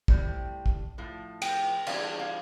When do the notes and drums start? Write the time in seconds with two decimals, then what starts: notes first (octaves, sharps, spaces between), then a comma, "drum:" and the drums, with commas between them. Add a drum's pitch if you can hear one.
0.08 A2 G3 C4, drum: kick
0.66 drum: kick
0.98 A2 F3
1.42 G5, drum: cymbal
1.87 E3 G3 D4 F5, drum: cymbal
2.20 F5